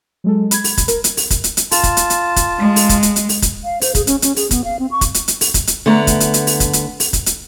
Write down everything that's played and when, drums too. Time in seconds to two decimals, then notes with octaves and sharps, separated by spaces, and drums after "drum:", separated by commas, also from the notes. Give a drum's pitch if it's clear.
0.24 F#3 G#3 A4
0.51 B5 G#6, drum: hi-hat
0.64 drum: open hi-hat
0.78 drum: kick, hi-hat
0.88 A#4, drum: hi-hat
1.04 drum: hi-hat
1.17 drum: open hi-hat
1.30 drum: kick, hi-hat
1.44 drum: hi-hat
1.57 drum: hi-hat
1.71 F4 A5, drum: open hi-hat
1.83 drum: kick, hi-hat
1.97 drum: hi-hat
2.10 drum: hi-hat
2.36 drum: kick, hi-hat
2.59 G#3
2.76 drum: open hi-hat
2.89 drum: kick, hi-hat
3.03 drum: hi-hat
3.16 drum: hi-hat
3.29 drum: open hi-hat
3.42 drum: kick, hi-hat
3.64 F5
3.81 C5, drum: open hi-hat
3.95 G#4, drum: kick, hi-hat
4.07 C#4, drum: hi-hat
4.22 C#4, drum: hi-hat
4.36 G#4, drum: open hi-hat
4.51 B3, drum: kick, hi-hat
4.64 F5
4.79 C4
4.91 C#6
5.01 drum: kick, hi-hat
5.14 drum: hi-hat
5.28 drum: hi-hat
5.41 drum: open hi-hat
5.54 drum: kick, hi-hat
5.67 drum: hi-hat
5.86 D3 A3 B3 A#5
6.07 drum: kick, hi-hat
6.20 drum: hi-hat
6.34 drum: hi-hat
6.47 drum: open hi-hat
6.60 drum: kick, hi-hat
6.73 drum: hi-hat
7.00 drum: open hi-hat
7.13 drum: kick, hi-hat
7.26 drum: hi-hat